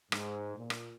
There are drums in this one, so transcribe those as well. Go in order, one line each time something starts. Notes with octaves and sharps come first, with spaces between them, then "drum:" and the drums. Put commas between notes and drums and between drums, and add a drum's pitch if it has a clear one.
G#2, drum: rim click
A#2
drum: rim click